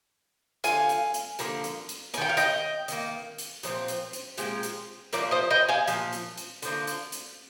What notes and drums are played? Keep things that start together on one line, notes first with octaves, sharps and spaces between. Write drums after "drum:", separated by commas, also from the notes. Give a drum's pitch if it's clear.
D3 F3 F5 G#5, drum: hi-hat
drum: hi-hat
drum: hi-hat
D3 F3 A#3, drum: hi-hat
drum: hi-hat
drum: hi-hat
A#3 G#5, drum: hi-hat
D#3 G5
F5
D#5 G5, drum: hi-hat
D#3 A#3, drum: hi-hat
drum: hi-hat
A#2 F3 C4, drum: hi-hat
drum: hi-hat
drum: hi-hat
A#2 F3 G#3 C4, drum: hi-hat
drum: hi-hat
A#2 F3 A#3 A#4 D5, drum: hi-hat
C5 D#5
D#5 G5
F5 G#5
A#2 F3, drum: hi-hat
drum: hi-hat
drum: hi-hat
D3 F3 A#3, drum: hi-hat
drum: hi-hat
drum: hi-hat